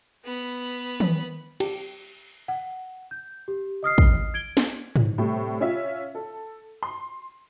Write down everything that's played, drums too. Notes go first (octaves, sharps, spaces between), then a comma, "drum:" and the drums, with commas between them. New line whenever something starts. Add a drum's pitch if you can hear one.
B3 B5
drum: tom D#3
G4, drum: cymbal
F#5
G6
G4
D#5 D#6 F6 C7
drum: kick
G#6 D7 G7
drum: snare
drum: tom G#2
A2 C3 G3
C#4 F4 E5
A4
C6